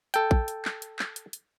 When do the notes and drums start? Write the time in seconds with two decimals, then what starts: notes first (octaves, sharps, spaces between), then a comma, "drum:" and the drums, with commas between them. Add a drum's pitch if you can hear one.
0.14 A4 G5, drum: hi-hat
0.31 drum: kick A#1
0.48 drum: hi-hat
0.65 drum: clap
0.82 drum: hi-hat
0.99 drum: clap
1.16 drum: hi-hat
1.33 drum: hi-hat